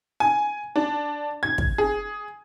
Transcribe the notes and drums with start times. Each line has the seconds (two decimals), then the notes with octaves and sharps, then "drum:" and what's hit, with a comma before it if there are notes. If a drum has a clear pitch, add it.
0.20 G#5
0.76 D4
1.43 G#6
1.58 drum: kick
1.78 G#4